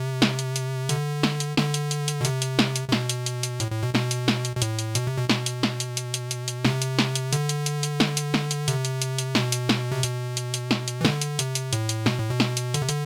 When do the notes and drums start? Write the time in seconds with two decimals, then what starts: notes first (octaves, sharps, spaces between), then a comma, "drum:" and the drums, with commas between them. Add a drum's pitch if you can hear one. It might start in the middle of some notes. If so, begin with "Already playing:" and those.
Already playing: C3
0.22 drum: snare
0.39 drum: hi-hat
0.56 drum: hi-hat
0.89 D3, drum: hi-hat
1.23 drum: snare
1.40 drum: hi-hat
1.57 D3, drum: snare
1.74 drum: hi-hat
1.91 drum: hi-hat
2.08 drum: hi-hat
2.21 B2
2.25 C3, drum: hi-hat
2.42 drum: hi-hat
2.59 drum: snare
2.76 drum: hi-hat
2.88 C3
2.92 B2, drum: snare
3.09 drum: hi-hat
3.26 drum: hi-hat
3.43 drum: hi-hat
3.60 A2, drum: hi-hat
3.72 A2
3.83 B2
3.95 B2, drum: snare
4.11 drum: hi-hat
4.28 drum: snare
4.45 drum: hi-hat
4.56 B2
4.62 A2, drum: hi-hat
4.79 drum: hi-hat
4.95 B2, drum: hi-hat
5.07 C3
5.18 B2
5.29 B2, drum: snare
5.46 drum: hi-hat
5.63 drum: snare
5.80 drum: hi-hat
5.97 drum: hi-hat
6.14 drum: hi-hat
6.31 drum: hi-hat
6.48 drum: hi-hat
6.65 C3, drum: snare
6.82 drum: hi-hat
6.99 drum: snare
7.15 drum: hi-hat
7.33 D3, drum: hi-hat
7.49 drum: hi-hat
7.66 drum: hi-hat
7.83 drum: hi-hat
8.00 drum: snare
8.17 drum: hi-hat
8.34 drum: snare
8.51 drum: hi-hat
8.68 C3, drum: hi-hat
8.85 drum: hi-hat
9.02 drum: hi-hat
9.18 drum: hi-hat
9.35 B2, drum: snare
9.52 drum: hi-hat
9.69 drum: snare
9.92 C3
10.03 B2, drum: hi-hat
10.37 drum: hi-hat
10.54 drum: hi-hat
10.71 drum: snare
10.88 drum: hi-hat
11.01 E3
11.05 D3, drum: snare
11.21 drum: hi-hat
11.39 C3, drum: hi-hat
11.55 drum: hi-hat
11.73 A2, drum: hi-hat
11.89 drum: hi-hat
12.06 B2, drum: snare
12.19 A2
12.30 B2
12.40 drum: snare
12.57 drum: hi-hat
12.74 D3, drum: hi-hat
12.82 C3
12.89 D3, drum: hi-hat